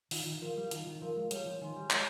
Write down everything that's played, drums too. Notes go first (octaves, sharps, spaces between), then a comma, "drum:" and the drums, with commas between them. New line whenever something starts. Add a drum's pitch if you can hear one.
D#3 F4, drum: open hi-hat
D#3
F3 A#4 F5
G3
D#3 F4, drum: hi-hat
D#3
F3 A#4 F5
G#3
G3 C#5, drum: hi-hat
F3
D#3 G#5 C6
G3
G#3 C#5, drum: clap